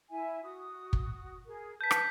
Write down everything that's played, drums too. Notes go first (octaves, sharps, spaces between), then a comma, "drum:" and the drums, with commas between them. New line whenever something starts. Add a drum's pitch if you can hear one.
E4 E5 G#5
F#4 D#6
drum: kick
G#4 A#4
B4 A5 G6 B6
drum: rim click